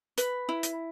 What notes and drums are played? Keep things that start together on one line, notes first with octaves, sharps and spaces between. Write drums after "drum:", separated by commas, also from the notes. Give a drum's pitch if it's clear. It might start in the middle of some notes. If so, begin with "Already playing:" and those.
B4, drum: hi-hat
E4
drum: hi-hat